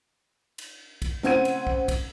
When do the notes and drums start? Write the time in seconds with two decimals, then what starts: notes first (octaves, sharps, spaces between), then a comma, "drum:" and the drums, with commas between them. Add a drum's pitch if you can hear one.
0.58 drum: cymbal
1.02 drum: kick, cymbal
1.23 C#3 C4 F#5 G#6 D#7, drum: snare
1.45 drum: cymbal
1.67 drum: kick
1.88 drum: kick, cymbal